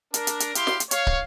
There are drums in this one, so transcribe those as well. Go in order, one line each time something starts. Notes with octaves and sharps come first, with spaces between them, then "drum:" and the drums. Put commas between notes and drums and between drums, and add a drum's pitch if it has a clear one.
D4 A#4, drum: hi-hat
drum: hi-hat
drum: hi-hat
E4 G4 F5 C6, drum: hi-hat
drum: snare
drum: hi-hat
C#5 F5, drum: hi-hat
drum: kick